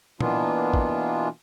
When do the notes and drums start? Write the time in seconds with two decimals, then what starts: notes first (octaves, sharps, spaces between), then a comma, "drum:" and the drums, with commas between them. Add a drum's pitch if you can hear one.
0.21 B2 E3 A#3 B3 D4 F4, drum: tom
0.74 drum: kick